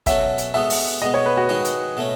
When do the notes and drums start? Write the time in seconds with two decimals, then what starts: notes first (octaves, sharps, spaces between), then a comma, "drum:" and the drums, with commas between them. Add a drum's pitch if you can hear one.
0.06 B2 F#3 C#4 F#4 A4 E5, drum: kick, hi-hat
0.38 drum: hi-hat
0.54 G#3 B3 F#4 A4 E5
0.70 drum: open hi-hat
1.02 B2 G#3 B3 D#5
1.14 C#5
1.26 B4
1.37 F#4
1.49 D#3 G#3 D#4 G#4
1.65 drum: hi-hat
1.97 B2 A3 C#4